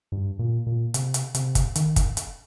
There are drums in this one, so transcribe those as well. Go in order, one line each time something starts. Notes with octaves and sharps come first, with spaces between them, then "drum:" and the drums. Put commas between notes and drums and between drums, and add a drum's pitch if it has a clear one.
G2
A#2
A#2
C3, drum: hi-hat
drum: hi-hat
C3, drum: hi-hat
drum: kick, hi-hat
D#3, drum: hi-hat
drum: kick, hi-hat
drum: hi-hat